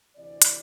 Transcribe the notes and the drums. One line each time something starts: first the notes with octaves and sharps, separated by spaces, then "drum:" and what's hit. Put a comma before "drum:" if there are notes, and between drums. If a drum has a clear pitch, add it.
D2 C3 E3 D5
drum: hi-hat